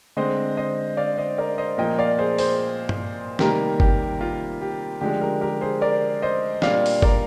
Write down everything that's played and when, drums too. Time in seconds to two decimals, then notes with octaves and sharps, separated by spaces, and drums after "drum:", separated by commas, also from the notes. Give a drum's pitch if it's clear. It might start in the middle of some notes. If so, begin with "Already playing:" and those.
0.17 D3 G#3 C4 C5 D#5
0.57 C5 D#5
0.97 D5 F5
1.17 C5 D#5
1.38 A#4 D5
1.58 C5 D#5
1.78 A#2 F3 A#3 D#5 G5
1.99 D5 F5
2.19 G#4 C5
2.38 G#4 C5, drum: open hi-hat
2.89 drum: tom G2
3.39 C3 D#3 G3 A#3 G4 A#4, drum: snare
3.80 G4, drum: kick G1
4.21 F4
4.61 G4
5.01 D3 F3 G#3 D4 G4
5.21 G4 A#4
5.41 G4 A#4
5.61 G#4 C5
5.81 A#4 D5
6.22 C5 D#5
6.62 A#2 G3 D4 D5 F5, drum: snare
6.86 drum: open hi-hat
7.02 A#4 D5, drum: kick G1